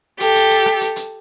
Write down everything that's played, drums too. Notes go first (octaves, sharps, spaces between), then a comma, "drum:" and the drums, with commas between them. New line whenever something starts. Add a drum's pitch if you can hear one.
G4 A4, drum: hi-hat
drum: hi-hat
drum: hi-hat
drum: rim click
drum: hi-hat
drum: hi-hat